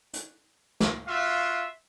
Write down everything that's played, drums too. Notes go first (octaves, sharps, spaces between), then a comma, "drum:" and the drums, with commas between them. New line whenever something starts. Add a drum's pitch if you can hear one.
drum: hi-hat
drum: snare
F4 F#4 E5 F5